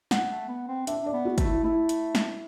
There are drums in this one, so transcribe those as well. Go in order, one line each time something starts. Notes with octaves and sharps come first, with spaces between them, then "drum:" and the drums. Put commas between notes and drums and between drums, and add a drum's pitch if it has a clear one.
F#5, drum: snare
A3
B3
C4
D4 E5, drum: hi-hat
D4 D5
B3
F#4
A3, drum: kick, hi-hat
E4
A3 E4
drum: hi-hat
drum: snare